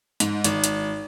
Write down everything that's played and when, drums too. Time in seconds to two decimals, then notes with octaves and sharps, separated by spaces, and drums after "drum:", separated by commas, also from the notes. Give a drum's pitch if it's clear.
0.20 G#2, drum: hi-hat
0.44 G#1, drum: hi-hat
0.64 drum: hi-hat